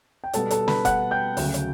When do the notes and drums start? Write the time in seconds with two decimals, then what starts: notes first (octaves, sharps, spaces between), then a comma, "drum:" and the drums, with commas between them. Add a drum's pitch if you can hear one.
0.24 G5
0.33 B2 G3 B3 A4 A5, drum: hi-hat
0.51 A4 A5, drum: hi-hat
0.68 B4 B5, drum: snare
0.85 F#5 F#6, drum: kick F1, hi-hat
1.11 G5 G6
1.37 D2 C#3 F#3, drum: open hi-hat
1.54 drum: hi-hat